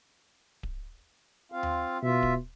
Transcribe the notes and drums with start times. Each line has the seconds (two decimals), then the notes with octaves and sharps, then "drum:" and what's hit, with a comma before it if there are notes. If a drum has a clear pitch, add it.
0.63 drum: kick D1
1.52 C4 F4 F5
1.63 drum: tom D#2
2.03 B2 F4 E5
2.23 drum: kick D1